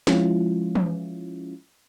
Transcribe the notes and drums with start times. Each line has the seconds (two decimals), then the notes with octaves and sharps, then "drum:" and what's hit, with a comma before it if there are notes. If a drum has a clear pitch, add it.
0.07 F3 G#3 C#4 E4 F4, drum: snare
0.75 drum: tom E3